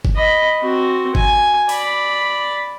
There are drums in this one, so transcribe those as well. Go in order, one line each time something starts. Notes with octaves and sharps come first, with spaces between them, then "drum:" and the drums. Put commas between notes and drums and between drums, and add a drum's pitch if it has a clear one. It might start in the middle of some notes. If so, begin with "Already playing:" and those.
drum: kick F#1
D#5 B5
C4 F#4
G#5, drum: kick F#1
D5 B5, drum: open hi-hat